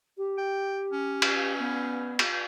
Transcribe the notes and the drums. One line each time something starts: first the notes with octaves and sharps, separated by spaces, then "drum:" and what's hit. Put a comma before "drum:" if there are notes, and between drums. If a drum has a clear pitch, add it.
G4
G5
C#4
drum: cymbal
B3
drum: cymbal